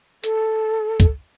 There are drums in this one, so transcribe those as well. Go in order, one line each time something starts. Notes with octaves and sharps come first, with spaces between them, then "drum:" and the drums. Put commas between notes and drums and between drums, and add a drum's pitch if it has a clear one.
A4, drum: hi-hat
drum: kick, hi-hat